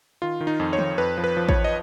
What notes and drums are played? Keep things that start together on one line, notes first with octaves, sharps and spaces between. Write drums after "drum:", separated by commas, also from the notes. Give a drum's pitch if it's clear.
D#3 F4
D#3
D#4
F2
C#5
F2, drum: tom
F2 B4
F3
B4
F3
C#5, drum: kick A1
F3
D#5